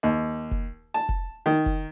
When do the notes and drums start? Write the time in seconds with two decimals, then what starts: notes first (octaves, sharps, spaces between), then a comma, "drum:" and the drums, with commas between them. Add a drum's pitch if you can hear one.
0.03 D#2
0.51 drum: kick F1
0.94 A5
1.09 drum: kick F1
1.46 D#3
1.66 drum: kick F1